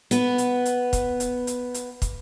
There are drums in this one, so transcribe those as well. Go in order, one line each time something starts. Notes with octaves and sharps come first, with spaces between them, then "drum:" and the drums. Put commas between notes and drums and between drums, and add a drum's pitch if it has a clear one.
B3 B4, drum: hi-hat
drum: hi-hat
drum: hi-hat
drum: kick, hi-hat
drum: hi-hat
drum: hi-hat
drum: hi-hat
drum: kick, hi-hat